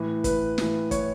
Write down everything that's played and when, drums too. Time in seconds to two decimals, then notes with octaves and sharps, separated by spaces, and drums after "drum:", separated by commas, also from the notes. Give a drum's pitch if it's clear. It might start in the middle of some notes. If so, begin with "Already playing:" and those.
Already playing: A2 E3
0.24 B4, drum: kick, hi-hat
0.58 A2 E3, drum: snare
0.91 C#5, drum: kick, hi-hat